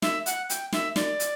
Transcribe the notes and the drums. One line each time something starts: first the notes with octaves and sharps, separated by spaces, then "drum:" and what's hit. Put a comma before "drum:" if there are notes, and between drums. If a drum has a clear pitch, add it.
E5, drum: snare
F#5, drum: hi-hat
G5, drum: hi-hat
E5, drum: snare
D5, drum: snare
drum: hi-hat